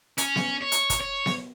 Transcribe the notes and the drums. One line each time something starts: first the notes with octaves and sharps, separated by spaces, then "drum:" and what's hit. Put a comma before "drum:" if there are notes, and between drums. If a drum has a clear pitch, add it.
C#4, drum: hi-hat
drum: snare B3
C#5
drum: hi-hat
drum: kick, hi-hat
C#5
drum: snare B3